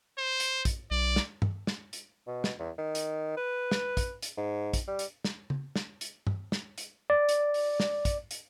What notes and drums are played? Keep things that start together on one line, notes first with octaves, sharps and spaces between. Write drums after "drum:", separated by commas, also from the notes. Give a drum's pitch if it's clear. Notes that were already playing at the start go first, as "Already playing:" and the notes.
C5
drum: hi-hat
drum: kick, hi-hat
B1 D5
drum: snare
drum: tom
drum: snare
drum: hi-hat
B2
drum: snare
E2
D#3
drum: hi-hat
B4
drum: snare
drum: kick, hi-hat
drum: hi-hat
G#2
drum: kick, hi-hat
G3
drum: hi-hat
drum: snare
drum: tom C#3
drum: snare
drum: hi-hat
drum: tom
drum: snare
drum: hi-hat
D5
drum: hi-hat
drum: open hi-hat
drum: snare
drum: kick, hi-hat
drum: hi-hat